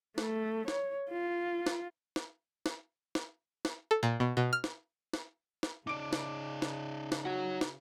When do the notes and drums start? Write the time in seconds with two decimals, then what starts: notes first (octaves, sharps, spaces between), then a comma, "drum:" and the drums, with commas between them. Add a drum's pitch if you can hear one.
0.18 A3, drum: snare
0.68 C#5, drum: snare
1.10 F4
1.66 drum: snare
2.16 drum: snare
2.66 drum: snare
3.15 drum: snare
3.65 drum: snare
3.91 A4
4.03 A#2
4.20 B2
4.37 B2
4.53 F6
4.64 drum: snare
5.13 drum: snare
5.63 drum: snare
5.87 C#3 D#4 D5 D6 D7
6.13 drum: snare
6.62 drum: snare
7.12 drum: snare
7.25 F#4 C#5 F#5
7.61 drum: snare